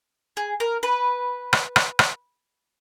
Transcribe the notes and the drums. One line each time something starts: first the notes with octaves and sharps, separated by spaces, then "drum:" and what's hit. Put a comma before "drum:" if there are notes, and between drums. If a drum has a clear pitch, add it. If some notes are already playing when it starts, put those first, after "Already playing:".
G#4
A#4
B4
drum: rim click
drum: rim click
drum: rim click